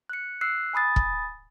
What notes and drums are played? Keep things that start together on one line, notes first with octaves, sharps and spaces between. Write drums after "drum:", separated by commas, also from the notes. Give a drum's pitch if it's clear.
F#6 C#7
E6 F#6 C7
G#5 B5 D#6 A6
drum: kick